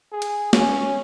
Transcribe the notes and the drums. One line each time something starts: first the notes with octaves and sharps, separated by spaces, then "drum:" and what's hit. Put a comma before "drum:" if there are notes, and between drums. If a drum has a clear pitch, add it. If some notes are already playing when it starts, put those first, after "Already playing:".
G#4
drum: hi-hat
C#4, drum: snare